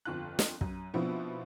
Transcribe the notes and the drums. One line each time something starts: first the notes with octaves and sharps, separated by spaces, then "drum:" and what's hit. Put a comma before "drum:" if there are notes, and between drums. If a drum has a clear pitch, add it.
G1 F2 F4 F#6
drum: snare
F#2, drum: kick
B2 F3 B3 C4 D4 E4